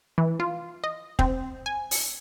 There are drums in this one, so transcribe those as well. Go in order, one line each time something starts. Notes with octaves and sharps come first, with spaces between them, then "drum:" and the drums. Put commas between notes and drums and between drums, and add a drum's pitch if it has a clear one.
E3
F4
D#5
C4, drum: kick
G#5
drum: open hi-hat